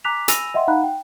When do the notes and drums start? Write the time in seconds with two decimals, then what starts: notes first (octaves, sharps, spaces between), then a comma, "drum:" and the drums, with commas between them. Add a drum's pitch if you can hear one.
0.04 G#5 A#5 D6 F#6 B6 F7
0.28 G#5 B5 E6 A#6 D#7 F7, drum: hi-hat
0.54 D#5 E5 F#5 G5 C6
0.68 D#4 F5 F#5 A#5 B5 F#6
0.84 G5